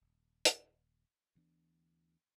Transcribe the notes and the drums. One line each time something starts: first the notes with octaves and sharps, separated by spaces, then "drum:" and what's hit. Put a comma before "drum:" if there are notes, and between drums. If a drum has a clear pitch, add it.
D#1
drum: hi-hat
D2 E3 B3 D4